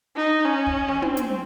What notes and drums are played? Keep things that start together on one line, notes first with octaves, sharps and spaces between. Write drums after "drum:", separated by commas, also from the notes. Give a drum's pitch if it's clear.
D#4
C#4
drum: kick
drum: snare
C4, drum: tom
drum: hi-hat